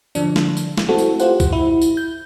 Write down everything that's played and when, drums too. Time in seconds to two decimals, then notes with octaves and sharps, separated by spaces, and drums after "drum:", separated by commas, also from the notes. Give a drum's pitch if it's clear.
0.15 D3 F3 D4, drum: tambourine
0.36 drum: snare
0.57 drum: tambourine
0.78 drum: snare
0.88 A3 C4 E4 F#4 A4
0.98 drum: tambourine
1.20 F4 G4 C5 F#5, drum: tambourine
1.40 drum: kick, tambourine
1.53 E4
1.82 drum: tambourine
1.97 G6